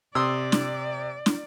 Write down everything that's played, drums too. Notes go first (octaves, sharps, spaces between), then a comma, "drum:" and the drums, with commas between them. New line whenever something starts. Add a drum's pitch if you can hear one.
C3 D5 C6 D#6 E6
drum: snare
drum: snare